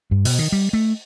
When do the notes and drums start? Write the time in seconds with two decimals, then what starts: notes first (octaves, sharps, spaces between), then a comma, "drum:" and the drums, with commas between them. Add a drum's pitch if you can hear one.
0.11 G2
0.25 B2, drum: open hi-hat
0.39 D#3
0.52 G3
0.73 A3